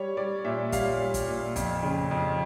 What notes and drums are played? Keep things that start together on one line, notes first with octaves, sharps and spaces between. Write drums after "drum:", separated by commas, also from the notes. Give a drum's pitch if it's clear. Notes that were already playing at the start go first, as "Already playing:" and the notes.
Already playing: G3 C#5
G3 D5
A#2 E5
G3 F5, drum: kick, hi-hat
G3
drum: kick, hi-hat
A#2
F2, drum: kick, hi-hat
C#3
F2